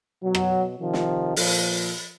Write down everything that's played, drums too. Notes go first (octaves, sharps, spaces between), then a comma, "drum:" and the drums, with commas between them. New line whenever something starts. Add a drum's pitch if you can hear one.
B2 F#3
drum: rim click
C3 D#3 F3
drum: snare
A#2 F3, drum: open hi-hat